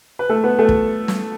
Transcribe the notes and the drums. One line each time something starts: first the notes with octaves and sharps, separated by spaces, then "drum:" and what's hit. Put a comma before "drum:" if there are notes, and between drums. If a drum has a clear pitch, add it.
B4
A3 A4
B3 B4
A3 A4
drum: kick
drum: snare